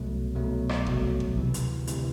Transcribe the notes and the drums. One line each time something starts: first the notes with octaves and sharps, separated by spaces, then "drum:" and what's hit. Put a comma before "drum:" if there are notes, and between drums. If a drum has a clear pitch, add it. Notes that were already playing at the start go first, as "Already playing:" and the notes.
Already playing: C2 B2 F#3 A3
C2 B2 F#3 A3
drum: rim click
C2 B2 F#3 A3, drum: kick G#1
drum: kick G#1
D2 C3 E3
drum: hi-hat
D2 C3 E3, drum: hi-hat